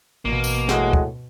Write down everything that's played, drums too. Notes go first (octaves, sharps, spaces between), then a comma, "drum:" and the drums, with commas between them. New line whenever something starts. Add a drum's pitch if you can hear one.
A1 B2 A#3
drum: tambourine
A2 G#3 F#4, drum: snare
drum: kick